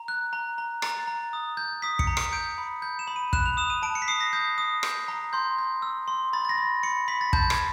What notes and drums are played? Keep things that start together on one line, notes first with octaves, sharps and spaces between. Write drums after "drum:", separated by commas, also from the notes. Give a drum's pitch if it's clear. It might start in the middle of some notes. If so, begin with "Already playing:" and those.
Already playing: A#5
F#6
A#5
A#5
A#5 A6, drum: rim click
A#5
D#6
G6
D#6 B6
C#7, drum: kick
A#5
C#7, drum: rim click
G6 D7
B5
G6
E7
B5
D#7
F#6 E7, drum: kick
F7
D#6 E7
D#7
A5 D7
C#7
B6
D#6 C7
A#6
D#6 G6
D#6
G6, drum: rim click
A#5
C6 G6
G6
E6
C6
B5 A6
A6
A#6
B5
B5 C#7
B5 B6
A6
A5 G6, drum: kick
G#6, drum: rim click